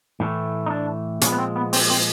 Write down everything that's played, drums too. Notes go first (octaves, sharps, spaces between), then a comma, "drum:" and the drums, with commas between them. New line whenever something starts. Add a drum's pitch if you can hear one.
A2 E3 A3
D#4
D4
A#2 F3 G#3 B3 C#4, drum: hi-hat
B3
C4
B3
C4, drum: open hi-hat
C4